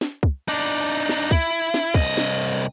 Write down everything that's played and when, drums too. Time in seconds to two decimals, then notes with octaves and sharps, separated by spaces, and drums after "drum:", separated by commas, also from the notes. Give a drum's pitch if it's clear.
0.01 drum: snare
0.23 drum: kick
0.48 D4 D#4
1.09 drum: snare
1.31 E4, drum: kick
1.74 drum: snare
1.94 C2 D#5, drum: kick
2.17 drum: snare